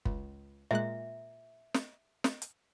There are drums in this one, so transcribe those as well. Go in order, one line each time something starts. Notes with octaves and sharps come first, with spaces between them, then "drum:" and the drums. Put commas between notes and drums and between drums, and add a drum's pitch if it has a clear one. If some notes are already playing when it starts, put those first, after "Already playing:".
C#2, drum: kick
A#2 G#3 E5 F#6
drum: snare
drum: snare
drum: hi-hat